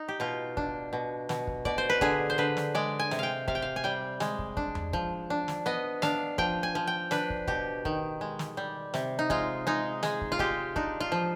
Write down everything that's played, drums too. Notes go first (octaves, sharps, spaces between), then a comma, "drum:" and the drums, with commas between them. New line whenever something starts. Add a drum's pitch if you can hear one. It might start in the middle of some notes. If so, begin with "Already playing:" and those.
Already playing: D#4
G4
B2 F4
D4, drum: kick
B2
B2, drum: snare
drum: kick
B2 D5, drum: kick
C5
B4
D3 G#4, drum: kick
C5
D3 B4
drum: snare
G#3 D5
G#5
C3, drum: snare
F5 G5
C3 F5, drum: kick
G5
F5
G#5
G3 G5
G#3, drum: snare
drum: kick
D4, drum: kick
drum: tom E2
F3, drum: kick
D4
drum: snare
B3 D#5
D4 F5, drum: snare
F3 G5, drum: kick
G#5
F3
G5
D4 B4, drum: snare
drum: kick
B2 G4, drum: kick
D#3, drum: kick
G#3
drum: snare
G3
C3, drum: snare
D#4
G#3 F4, drum: kick
G#3 D#4
G#3 G#4, drum: snare
drum: kick
F4
G#3 G4, drum: kick
D4 D#4, drum: kick
F4
F3